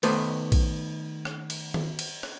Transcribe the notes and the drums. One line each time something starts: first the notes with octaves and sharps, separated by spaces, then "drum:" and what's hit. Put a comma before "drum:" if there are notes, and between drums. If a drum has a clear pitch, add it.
D#3 A3 B3 B4 C5, drum: cymbal
drum: kick A#1, cymbal
drum: rim click
drum: cymbal
drum: tom D#3
drum: cymbal
drum: rim click